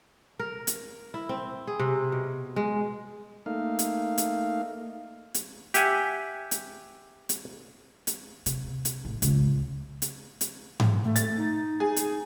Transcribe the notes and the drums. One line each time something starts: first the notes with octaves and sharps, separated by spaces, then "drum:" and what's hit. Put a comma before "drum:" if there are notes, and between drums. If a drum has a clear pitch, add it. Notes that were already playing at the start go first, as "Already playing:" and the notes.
A#4
drum: hi-hat
E4
C4
G#4
C3
B2
G#3
A3 A#3 D#4 F5
drum: hi-hat
drum: hi-hat
drum: hi-hat
G4 E5 F#5 G#5, drum: hi-hat
drum: hi-hat
drum: hi-hat
drum: hi-hat
C3, drum: hi-hat
drum: hi-hat
A1
C#2, drum: hi-hat
drum: hi-hat
drum: hi-hat
drum: tom G#2
A3
A6, drum: hi-hat
D#4
G#4
drum: hi-hat